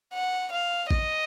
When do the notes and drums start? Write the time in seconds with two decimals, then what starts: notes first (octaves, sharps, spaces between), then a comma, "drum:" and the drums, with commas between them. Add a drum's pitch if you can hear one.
0.14 F#5
0.52 F5
0.91 D#5, drum: kick A1